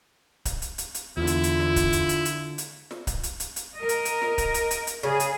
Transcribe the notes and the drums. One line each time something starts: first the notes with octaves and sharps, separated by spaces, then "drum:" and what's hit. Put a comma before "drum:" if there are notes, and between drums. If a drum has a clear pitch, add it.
drum: kick C#1, hi-hat
drum: hi-hat
drum: hi-hat
drum: hi-hat
E2 D3 E4 F4
drum: hi-hat
drum: hi-hat
drum: snare
drum: kick C#1, hi-hat
drum: hi-hat
drum: hi-hat
drum: hi-hat
drum: hi-hat
drum: snare
drum: kick C#1, hi-hat
drum: hi-hat
drum: hi-hat
drum: hi-hat
A#4 D#5
drum: hi-hat
drum: hi-hat
drum: snare
drum: kick C#1, hi-hat
drum: hi-hat
drum: hi-hat
drum: hi-hat
C#3 G#4
drum: hi-hat